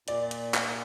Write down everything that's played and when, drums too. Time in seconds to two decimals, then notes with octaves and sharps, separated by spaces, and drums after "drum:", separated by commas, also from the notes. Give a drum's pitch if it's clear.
0.08 A#2 D5, drum: hi-hat
0.31 drum: hi-hat
0.54 drum: clap